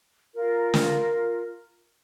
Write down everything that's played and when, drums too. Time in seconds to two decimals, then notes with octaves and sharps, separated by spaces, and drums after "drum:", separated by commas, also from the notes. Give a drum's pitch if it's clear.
0.35 F4 A#4
0.74 drum: snare